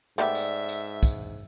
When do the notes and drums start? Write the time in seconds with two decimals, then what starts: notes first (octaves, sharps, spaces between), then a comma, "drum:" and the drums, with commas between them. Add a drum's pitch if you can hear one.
0.18 G#2 A3 B3 G4 D5 E5
0.35 drum: tambourine
0.69 drum: tambourine
1.03 drum: kick, tambourine